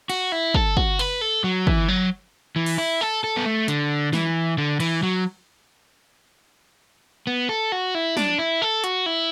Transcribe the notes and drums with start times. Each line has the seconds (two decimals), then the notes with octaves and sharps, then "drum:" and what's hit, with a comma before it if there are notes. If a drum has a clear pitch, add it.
0.10 F#4, drum: cymbal
0.32 E4
0.54 A4, drum: kick
0.77 F#4, drum: kick
0.99 B4, drum: cymbal
1.21 A4
1.44 F#3
1.67 E3, drum: kick
1.88 F#3
2.56 E3
2.66 drum: cymbal
2.78 E4
3.01 A4
3.24 A4
3.36 B3
3.46 A3
3.68 D3, drum: hi-hat
4.13 E3, drum: snare
4.58 D3
4.80 E3, drum: cymbal
5.03 F#3
7.27 B3
7.49 A4
7.72 F#4
7.95 E4
8.17 D4, drum: snare
8.39 E4
8.62 A4
8.84 F#4, drum: hi-hat
9.06 E4